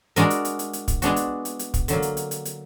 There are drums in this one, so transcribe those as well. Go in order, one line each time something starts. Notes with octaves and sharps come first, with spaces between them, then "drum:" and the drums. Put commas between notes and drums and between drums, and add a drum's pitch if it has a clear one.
G#3 D4 F#4 A#4, drum: hi-hat
drum: hi-hat
drum: hi-hat
drum: hi-hat
drum: hi-hat
drum: kick, hi-hat
G#3 B3 D4 F#4, drum: hi-hat
drum: hi-hat
drum: hi-hat
drum: hi-hat
drum: kick, hi-hat
D3 F#3 A#3, drum: hi-hat
drum: hi-hat
drum: hi-hat
drum: hi-hat
drum: hi-hat